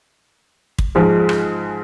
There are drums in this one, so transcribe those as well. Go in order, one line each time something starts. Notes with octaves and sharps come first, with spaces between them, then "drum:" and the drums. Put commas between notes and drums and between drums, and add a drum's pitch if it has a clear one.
drum: kick
G#2 F3 G#3
drum: rim click